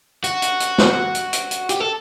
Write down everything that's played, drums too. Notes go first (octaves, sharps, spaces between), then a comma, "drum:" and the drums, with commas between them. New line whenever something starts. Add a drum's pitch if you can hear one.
F#4, drum: hi-hat
drum: hi-hat
drum: hi-hat
drum: snare
drum: hi-hat
drum: hi-hat
drum: hi-hat
G4, drum: hi-hat
A4